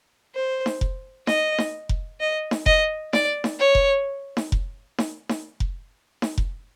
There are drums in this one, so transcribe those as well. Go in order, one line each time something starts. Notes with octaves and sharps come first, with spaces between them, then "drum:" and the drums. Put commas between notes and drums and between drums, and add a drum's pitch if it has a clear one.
C5
drum: snare D#4
drum: kick F1
D#5, drum: snare D#4
drum: snare D#4
drum: kick F1
D#5
drum: snare D#4
D#5, drum: kick F1
D5, drum: snare D#4
drum: snare D#4
C#5
drum: kick F1
drum: snare D#4
drum: kick F1
drum: snare D#4
drum: snare D#4
drum: kick F1
drum: snare D#4
drum: kick F1